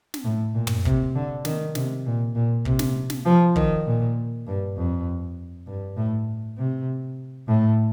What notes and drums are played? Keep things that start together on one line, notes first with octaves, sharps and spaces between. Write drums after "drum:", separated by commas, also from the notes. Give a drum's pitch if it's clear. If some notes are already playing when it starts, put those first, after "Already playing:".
drum: snare
A2
A#2
drum: tom
C3, drum: kick
D3
D#3, drum: snare
C3, drum: snare
A#2
A#2
C3, drum: kick
drum: snare
drum: snare
F3
D#3, drum: kick
A#2
G2
F2
G2
A2
C3
A2